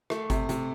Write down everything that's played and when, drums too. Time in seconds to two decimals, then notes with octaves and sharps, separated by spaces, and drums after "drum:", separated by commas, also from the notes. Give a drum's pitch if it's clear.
0.10 A3, drum: rim click
0.30 C3, drum: kick G1, hi-hat
0.49 C3, drum: hi-hat